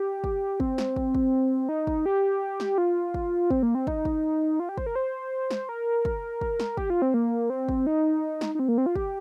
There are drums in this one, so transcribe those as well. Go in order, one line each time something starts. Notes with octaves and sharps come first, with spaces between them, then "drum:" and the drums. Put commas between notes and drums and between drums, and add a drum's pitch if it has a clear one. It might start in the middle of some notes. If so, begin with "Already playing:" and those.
Already playing: G4
drum: kick
C4, drum: kick
drum: snare
drum: kick
drum: kick
D#4
drum: kick
G4
drum: snare
F4
drum: kick
C4, drum: kick
A#3
C4
D#4, drum: kick
drum: kick
F4
G4
C5, drum: kick
A#4
C5
drum: snare
A#4
drum: kick
drum: kick
drum: snare
G4, drum: kick
F4
C4
A#3
C4
drum: kick
D#4
drum: snare
D#4
C4
A#3
C4
F4
G4, drum: kick